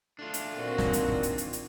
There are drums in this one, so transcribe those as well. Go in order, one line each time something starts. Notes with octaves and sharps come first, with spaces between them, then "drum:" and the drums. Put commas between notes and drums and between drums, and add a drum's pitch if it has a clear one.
A3 D4 F4
drum: hi-hat
A#2 D#3 C4 F#4
drum: snare
drum: hi-hat
drum: kick
drum: hi-hat
drum: hi-hat
drum: hi-hat